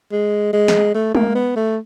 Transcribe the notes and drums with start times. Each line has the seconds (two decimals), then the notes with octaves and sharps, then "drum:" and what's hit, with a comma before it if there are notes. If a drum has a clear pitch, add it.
0.12 G#3
0.53 G#3
0.68 drum: snare
0.94 A3
1.15 A#3, drum: tom G#3
1.35 B3
1.56 A3